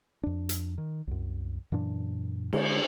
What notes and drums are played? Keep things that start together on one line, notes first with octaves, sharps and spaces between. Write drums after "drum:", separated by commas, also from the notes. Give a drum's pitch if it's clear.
F2 D4
drum: hi-hat
D#3
C2 F#2
F#2 A#2 E3 D4
D3 G#3, drum: cymbal